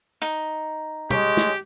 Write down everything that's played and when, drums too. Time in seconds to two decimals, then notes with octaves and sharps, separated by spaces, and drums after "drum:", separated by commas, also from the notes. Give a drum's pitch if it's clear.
0.22 D#4
1.10 G#3 G4 C#5, drum: tom
1.37 drum: snare